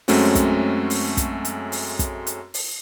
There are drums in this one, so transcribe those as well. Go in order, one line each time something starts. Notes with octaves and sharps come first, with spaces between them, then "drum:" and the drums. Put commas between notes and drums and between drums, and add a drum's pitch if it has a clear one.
F#2 G#3 A3 C4 C#4 F#4, drum: open hi-hat
drum: kick, hi-hat
drum: open hi-hat
drum: kick, hi-hat
drum: hi-hat
drum: open hi-hat
drum: kick, hi-hat
drum: hi-hat
drum: open hi-hat